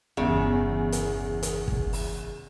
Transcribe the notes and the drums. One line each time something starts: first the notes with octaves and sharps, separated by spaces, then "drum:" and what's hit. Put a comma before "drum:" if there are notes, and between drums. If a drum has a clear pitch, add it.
G1 E2 C#3 E4
drum: hi-hat
drum: hi-hat
drum: kick
drum: open hi-hat